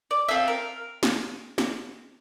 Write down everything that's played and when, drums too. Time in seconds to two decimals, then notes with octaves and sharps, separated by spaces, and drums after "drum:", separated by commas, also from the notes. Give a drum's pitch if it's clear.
0.11 D5
0.29 C4 F4 A4 E5
0.48 A#4
1.03 drum: snare
1.58 drum: snare